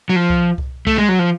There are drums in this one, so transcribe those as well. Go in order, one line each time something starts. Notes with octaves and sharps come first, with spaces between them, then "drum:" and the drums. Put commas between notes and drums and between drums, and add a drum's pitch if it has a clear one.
F#3
F3
drum: kick C2
drum: kick C2
A3, drum: kick C2
G#3
F#3
F3